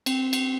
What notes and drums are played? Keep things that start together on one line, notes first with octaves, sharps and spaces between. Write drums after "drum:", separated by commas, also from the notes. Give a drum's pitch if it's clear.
C4, drum: cymbal
drum: cymbal